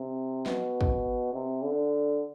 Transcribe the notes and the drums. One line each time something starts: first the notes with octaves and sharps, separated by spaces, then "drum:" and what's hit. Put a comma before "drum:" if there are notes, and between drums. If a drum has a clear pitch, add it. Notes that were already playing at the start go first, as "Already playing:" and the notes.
Already playing: C3
B2, drum: snare
drum: kick
C3
D3